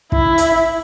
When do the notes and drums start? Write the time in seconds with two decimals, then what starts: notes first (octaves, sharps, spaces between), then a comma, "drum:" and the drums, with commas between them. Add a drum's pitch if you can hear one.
0.12 E4, drum: kick
0.38 drum: hi-hat